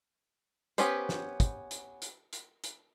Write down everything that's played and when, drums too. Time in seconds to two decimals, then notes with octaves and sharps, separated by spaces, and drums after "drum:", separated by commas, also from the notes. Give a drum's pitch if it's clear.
0.78 B3 C#4 G4 B4 C5, drum: hi-hat
1.09 drum: snare
1.40 drum: kick, hi-hat
1.71 drum: hi-hat
2.02 drum: hi-hat
2.33 drum: hi-hat
2.64 drum: hi-hat